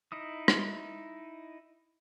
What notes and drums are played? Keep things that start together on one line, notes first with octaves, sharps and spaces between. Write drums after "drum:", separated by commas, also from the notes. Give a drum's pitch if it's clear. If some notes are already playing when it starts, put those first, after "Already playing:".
D#4 E4 D#6
drum: rim click